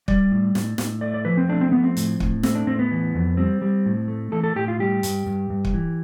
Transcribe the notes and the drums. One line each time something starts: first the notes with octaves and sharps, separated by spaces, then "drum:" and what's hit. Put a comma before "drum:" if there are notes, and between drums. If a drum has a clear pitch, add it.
G3 D5, drum: kick
A2
A2, drum: snare
A2, drum: snare
A3 D5
D5
F3 B4
C4
A3 D4
C4
F3 B3
C4
A2, drum: hi-hat
A2, drum: kick
A3 C4, drum: snare
D4
A2 C4
B3
E3
F2
G3 C4
G3
A2
A3
E3 A4
A4
A2 G4
F4
G3 G4
G2, drum: hi-hat
G2
G2
drum: kick
E3